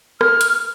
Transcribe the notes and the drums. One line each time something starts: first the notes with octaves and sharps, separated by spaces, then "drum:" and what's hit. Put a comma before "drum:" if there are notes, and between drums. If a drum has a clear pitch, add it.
F6, drum: rim click
drum: hi-hat